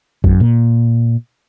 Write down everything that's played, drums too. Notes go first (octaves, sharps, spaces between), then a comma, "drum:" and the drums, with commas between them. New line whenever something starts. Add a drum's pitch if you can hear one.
F#2, drum: kick A1
A#2